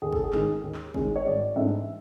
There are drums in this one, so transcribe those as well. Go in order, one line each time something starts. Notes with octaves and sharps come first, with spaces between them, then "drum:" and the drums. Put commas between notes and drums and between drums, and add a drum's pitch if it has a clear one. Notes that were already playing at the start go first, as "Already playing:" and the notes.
D#2 G#4
A4, drum: kick
G#4
D#3 G#3 C#4, drum: clap
D#2
drum: clap
D#3 G#3 C#4, drum: kick
C#5
G#1 D5
G#2 E3 A3 D4 E5